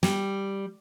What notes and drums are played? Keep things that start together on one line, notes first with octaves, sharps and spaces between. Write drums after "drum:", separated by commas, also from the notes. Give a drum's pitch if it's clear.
G3, drum: snare